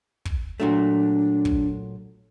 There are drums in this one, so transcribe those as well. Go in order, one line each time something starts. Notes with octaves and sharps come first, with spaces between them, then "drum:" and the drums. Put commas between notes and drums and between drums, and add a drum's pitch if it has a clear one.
drum: kick
A#2 F#3 A3 D4
drum: kick